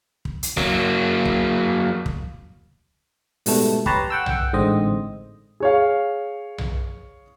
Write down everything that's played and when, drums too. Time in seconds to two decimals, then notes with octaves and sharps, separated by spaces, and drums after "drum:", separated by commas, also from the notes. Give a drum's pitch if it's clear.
0.25 drum: kick
0.43 drum: hi-hat
0.57 F#3 A#3, drum: kick
1.25 drum: kick
2.06 drum: kick
3.46 G#2 B2 G3 A3, drum: open hi-hat
3.86 G4 B4 C#5 A5 A#5 C6, drum: kick
4.10 F#5 G5 E6
4.26 drum: tom B1
4.53 A1 G#2 D3 C4 D#5
5.60 G#4 C#5 F5
6.58 drum: tom B1